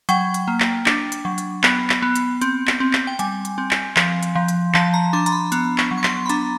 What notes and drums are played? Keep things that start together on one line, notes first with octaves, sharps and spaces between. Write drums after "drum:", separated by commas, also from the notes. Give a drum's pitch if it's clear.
F#3 G5, drum: hi-hat
drum: hi-hat
A#3
drum: clap
D4, drum: clap
drum: hi-hat
F#3
drum: hi-hat
B3, drum: clap
drum: clap
B3
drum: hi-hat
C4, drum: hi-hat
drum: clap
C4
drum: clap
G5
G3 G#5, drum: hi-hat
drum: hi-hat
C4
drum: clap
F3, drum: clap
drum: hi-hat
F3
drum: hi-hat
F3 A5, drum: clap
A#5
D4 C6
A#5, drum: hi-hat
B5
B3 A#5, drum: hi-hat
C#6, drum: clap
F#3
C#6
C6, drum: clap
B5
D4 A#5, drum: hi-hat